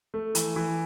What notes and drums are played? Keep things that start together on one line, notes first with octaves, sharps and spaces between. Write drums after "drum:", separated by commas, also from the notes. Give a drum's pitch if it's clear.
A3
E3, drum: hi-hat
E3